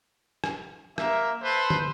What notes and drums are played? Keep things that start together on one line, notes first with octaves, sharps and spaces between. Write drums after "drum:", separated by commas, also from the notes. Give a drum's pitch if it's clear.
drum: rim click
A#3 A#4 E5, drum: rim click
A4 B4 C5
drum: tom